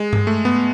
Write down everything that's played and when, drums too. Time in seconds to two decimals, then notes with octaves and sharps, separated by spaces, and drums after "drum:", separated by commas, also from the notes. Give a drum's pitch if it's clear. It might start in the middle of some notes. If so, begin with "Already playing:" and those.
Already playing: G#3
0.13 drum: tom G2
0.27 A3
0.45 B3